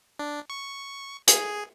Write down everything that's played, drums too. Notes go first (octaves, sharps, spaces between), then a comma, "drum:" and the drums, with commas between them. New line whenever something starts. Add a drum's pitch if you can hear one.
D4
C#6
G#4, drum: hi-hat